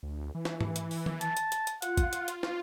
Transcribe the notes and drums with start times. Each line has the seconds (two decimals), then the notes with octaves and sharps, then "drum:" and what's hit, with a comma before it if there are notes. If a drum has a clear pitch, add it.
0.03 D2
0.35 E3
0.45 drum: snare
0.61 drum: tom
0.76 drum: hi-hat
0.91 drum: open hi-hat
1.06 drum: tom D#3
1.21 A5, drum: hi-hat
1.37 drum: hi-hat
1.52 drum: hi-hat
1.67 drum: hi-hat
1.82 F4 F#5, drum: hi-hat
1.97 drum: kick, hi-hat
2.13 drum: hi-hat
2.28 drum: hi-hat
2.43 drum: snare